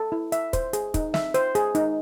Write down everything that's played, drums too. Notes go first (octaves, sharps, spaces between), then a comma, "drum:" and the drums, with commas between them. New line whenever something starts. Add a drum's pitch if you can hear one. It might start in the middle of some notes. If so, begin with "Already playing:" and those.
Already playing: A4
E4
E5, drum: hi-hat
C5, drum: kick, hi-hat
G#4, drum: hi-hat
D#4, drum: kick, hi-hat
E5, drum: snare
C5, drum: hi-hat
G#4, drum: hi-hat
D#4, drum: hi-hat